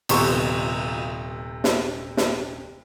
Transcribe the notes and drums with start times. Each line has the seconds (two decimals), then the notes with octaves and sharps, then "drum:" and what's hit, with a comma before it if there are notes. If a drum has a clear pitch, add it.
0.09 D#1 C3 B3 C5 C#6, drum: cymbal
1.64 drum: snare
2.17 drum: snare